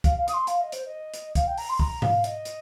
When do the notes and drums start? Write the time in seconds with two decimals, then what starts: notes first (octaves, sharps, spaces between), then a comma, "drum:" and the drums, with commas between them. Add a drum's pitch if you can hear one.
0.04 F5, drum: kick, hi-hat
0.18 F5
0.28 D#6, drum: hi-hat
0.33 C6
0.47 F5, drum: hi-hat
0.61 D#5
0.72 C5, drum: hi-hat
0.86 D#5
1.14 drum: hi-hat
1.35 F5, drum: kick, hi-hat
1.47 G5
1.58 A#5, drum: open hi-hat
1.69 C6
1.79 A#5, drum: kick
2.02 F5, drum: tom G#2
2.24 D#5, drum: hi-hat
2.45 drum: hi-hat